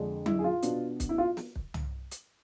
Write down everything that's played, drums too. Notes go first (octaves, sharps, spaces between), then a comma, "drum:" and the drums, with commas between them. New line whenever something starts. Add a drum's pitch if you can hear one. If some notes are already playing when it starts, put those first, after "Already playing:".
Already playing: F2 D3 G#3 D4
E4, drum: tom F#3
G#4
F4
B2 B3 D4, drum: hi-hat
drum: kick, hi-hat
E4
F4
drum: snare
drum: kick
drum: tom
drum: hi-hat